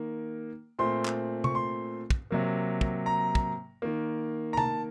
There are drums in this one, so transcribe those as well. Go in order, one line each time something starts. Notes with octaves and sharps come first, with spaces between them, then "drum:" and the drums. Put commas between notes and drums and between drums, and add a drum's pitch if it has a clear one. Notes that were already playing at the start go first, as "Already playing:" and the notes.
Already playing: D#3 A#3
A#2 A3 C4 C6
drum: clap
C#6, drum: tom C3
C6
drum: kick
C3 F#3 A#3
drum: kick
A#5
drum: kick
D#3 A#3
A#5
A5, drum: tom C3